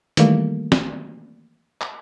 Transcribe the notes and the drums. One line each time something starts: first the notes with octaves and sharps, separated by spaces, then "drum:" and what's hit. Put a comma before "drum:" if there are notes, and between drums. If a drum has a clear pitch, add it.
D#3 E3 G3 A3 A#3, drum: hi-hat
drum: snare
drum: clap